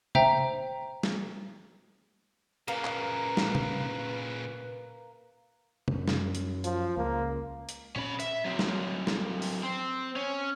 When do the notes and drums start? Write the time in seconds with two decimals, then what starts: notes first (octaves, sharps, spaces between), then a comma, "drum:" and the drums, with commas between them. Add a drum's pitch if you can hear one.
0.15 C5 E5 G5 A#5, drum: tom
1.03 drum: snare
2.68 A#2 C#3 A#3 B4
2.85 drum: clap
3.37 drum: snare
3.55 drum: tom
5.88 F#2, drum: tom
6.08 drum: snare
6.35 drum: hi-hat
6.64 F3, drum: hi-hat
6.97 C#2 A#3
7.69 drum: hi-hat
7.96 C#4 B5, drum: tom A#2
8.20 E5, drum: hi-hat
8.45 F#3 C4
8.59 drum: snare
9.07 drum: snare
9.42 drum: open hi-hat
9.63 C4
10.16 C#4